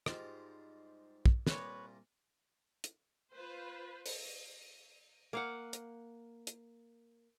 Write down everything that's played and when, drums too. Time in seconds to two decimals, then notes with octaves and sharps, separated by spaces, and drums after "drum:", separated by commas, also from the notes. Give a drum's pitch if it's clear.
0.06 G#2 G3 F4, drum: rim click
1.26 drum: kick
1.47 C2 A#2 A#3 B4 C#5, drum: snare
2.84 drum: hi-hat
3.34 F4 B4 C5
4.06 drum: open hi-hat
5.33 A#3 F5 F#5
5.73 drum: hi-hat
6.47 drum: hi-hat